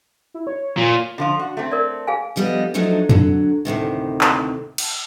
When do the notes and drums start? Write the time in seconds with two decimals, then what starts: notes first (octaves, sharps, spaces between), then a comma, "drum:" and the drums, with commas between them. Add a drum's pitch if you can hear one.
0.34 E4
0.47 C#5
0.78 A#2
1.18 D3 F3 F4
1.40 F#4
1.57 A3 C4
1.72 A#4 D5
2.07 G#4 F5 G#5
2.36 D2 F3 G3 B3 D#5
2.74 E2 F3 F#3 A3 D4 D#4
3.09 D3 F#3, drum: tom F2
3.65 D2 A2 C3 D#3
4.21 drum: clap
4.78 drum: cymbal